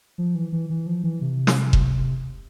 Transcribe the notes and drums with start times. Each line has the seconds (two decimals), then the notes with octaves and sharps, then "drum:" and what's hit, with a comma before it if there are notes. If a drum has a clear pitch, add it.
0.18 F3
0.35 E3
0.52 E3
0.70 E3
0.87 F3
1.04 E3
1.21 C3
1.47 drum: snare
1.73 drum: kick F1